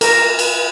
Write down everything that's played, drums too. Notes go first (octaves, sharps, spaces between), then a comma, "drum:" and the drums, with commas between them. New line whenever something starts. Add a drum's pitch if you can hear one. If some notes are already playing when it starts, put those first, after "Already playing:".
A#4, drum: cymbal
drum: cymbal